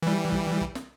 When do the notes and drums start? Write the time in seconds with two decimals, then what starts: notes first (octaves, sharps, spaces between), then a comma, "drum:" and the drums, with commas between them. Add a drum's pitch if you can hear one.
0.02 E3 G3
0.32 drum: kick
0.61 drum: kick
0.75 drum: snare